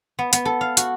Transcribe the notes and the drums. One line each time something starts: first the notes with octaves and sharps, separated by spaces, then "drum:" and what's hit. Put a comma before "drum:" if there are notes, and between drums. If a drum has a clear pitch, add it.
B3
B3, drum: hi-hat
A4
F5
F#4, drum: hi-hat